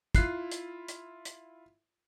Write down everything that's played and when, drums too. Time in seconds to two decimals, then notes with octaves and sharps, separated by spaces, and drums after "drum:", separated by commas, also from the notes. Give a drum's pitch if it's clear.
0.15 E4 F4 F#6 C7, drum: kick, hi-hat
0.52 drum: hi-hat
0.88 drum: hi-hat
1.25 drum: hi-hat